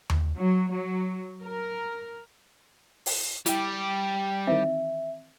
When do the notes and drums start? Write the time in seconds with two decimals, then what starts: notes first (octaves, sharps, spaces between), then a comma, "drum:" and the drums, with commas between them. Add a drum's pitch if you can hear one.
0.10 drum: tom D#2
0.35 F#3
0.70 F#3
1.42 A#4
3.06 drum: open hi-hat
3.46 G3 E4 G4, drum: hi-hat
4.47 D#3 E3 C4 E5